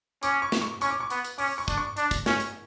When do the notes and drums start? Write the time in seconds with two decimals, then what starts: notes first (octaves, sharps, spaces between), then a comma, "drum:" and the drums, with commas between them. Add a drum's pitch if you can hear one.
0.23 C#4 D6, drum: hi-hat
0.42 C#6
0.52 drum: snare
0.61 C#6
0.81 C#4 C#6, drum: hi-hat
0.90 D6
1.00 C#6
1.10 B3, drum: hi-hat
1.24 drum: hi-hat
1.38 C#4 D6, drum: open hi-hat
1.58 C#6
1.68 D4, drum: kick, hi-hat
1.78 C#6
1.97 D4, drum: hi-hat
2.11 drum: kick, hi-hat
2.26 C#4, drum: snare
2.40 drum: hi-hat